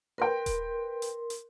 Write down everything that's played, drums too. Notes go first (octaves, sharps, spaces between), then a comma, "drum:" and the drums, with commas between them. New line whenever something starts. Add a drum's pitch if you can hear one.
A#4 B4 G5 C6
drum: kick D#1, hi-hat
drum: hi-hat
drum: hi-hat